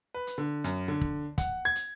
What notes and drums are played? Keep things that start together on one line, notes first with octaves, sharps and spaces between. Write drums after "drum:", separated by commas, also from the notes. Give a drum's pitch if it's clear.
B4
drum: hi-hat
D3
F#2, drum: hi-hat
D3
drum: kick
F#5, drum: kick, hi-hat
G#6
drum: hi-hat